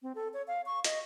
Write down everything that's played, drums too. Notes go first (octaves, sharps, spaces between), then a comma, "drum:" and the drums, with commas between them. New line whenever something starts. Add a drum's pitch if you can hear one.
C4
A4
C#5
F5
C#6
D#5, drum: hi-hat